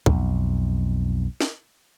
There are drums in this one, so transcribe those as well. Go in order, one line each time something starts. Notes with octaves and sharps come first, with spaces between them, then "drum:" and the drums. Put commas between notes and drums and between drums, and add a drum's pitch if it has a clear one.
B1 F2, drum: kick
drum: snare